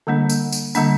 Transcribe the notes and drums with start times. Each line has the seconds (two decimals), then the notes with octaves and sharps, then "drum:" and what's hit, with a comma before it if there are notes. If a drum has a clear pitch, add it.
0.07 D3 G3 A#3 D4
0.30 drum: tambourine
0.52 drum: tambourine
0.75 D3 G3 A#3 D4, drum: tambourine